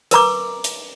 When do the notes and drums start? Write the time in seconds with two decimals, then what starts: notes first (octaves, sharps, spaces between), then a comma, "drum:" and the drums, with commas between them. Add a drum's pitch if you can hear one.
0.11 A#4 B4 A#5 D6, drum: hi-hat
0.64 drum: hi-hat